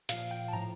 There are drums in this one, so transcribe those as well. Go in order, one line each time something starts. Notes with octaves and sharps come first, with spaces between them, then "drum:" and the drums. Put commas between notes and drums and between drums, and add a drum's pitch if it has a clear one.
A#2 F3 F5, drum: hi-hat
G5
A5
A2 F3 A#5